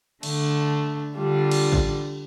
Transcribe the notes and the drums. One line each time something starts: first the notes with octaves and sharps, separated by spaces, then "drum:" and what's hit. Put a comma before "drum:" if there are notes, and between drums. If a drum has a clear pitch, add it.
D3 A3 D4, drum: cymbal
D3 G3 D4 F4
drum: cymbal
drum: kick A1